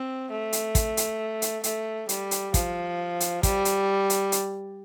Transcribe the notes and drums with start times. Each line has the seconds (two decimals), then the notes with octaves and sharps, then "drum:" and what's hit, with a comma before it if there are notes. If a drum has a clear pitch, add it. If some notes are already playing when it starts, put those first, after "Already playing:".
Already playing: C4
0.31 A3
0.53 drum: hi-hat
0.75 drum: kick, hi-hat
0.97 drum: hi-hat
1.42 drum: hi-hat
1.64 A3, drum: hi-hat
2.09 G3, drum: hi-hat
2.31 drum: hi-hat
2.54 F3, drum: kick, hi-hat
3.20 drum: hi-hat
3.43 G3, drum: kick, hi-hat
3.65 drum: hi-hat
4.10 drum: hi-hat
4.32 drum: hi-hat